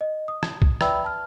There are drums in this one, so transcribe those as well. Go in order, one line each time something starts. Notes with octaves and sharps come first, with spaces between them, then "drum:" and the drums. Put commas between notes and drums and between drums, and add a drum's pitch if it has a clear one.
D#5
D#6
drum: rim click
drum: kick
B4 D5 E5 G5 B5 E6, drum: rim click
A5 F6